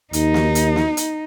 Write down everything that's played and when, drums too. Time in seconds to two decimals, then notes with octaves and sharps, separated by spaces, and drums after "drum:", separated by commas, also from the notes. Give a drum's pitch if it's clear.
0.13 D#2 D#4, drum: hi-hat
0.34 drum: snare
0.55 drum: hi-hat
0.76 drum: snare
0.97 drum: hi-hat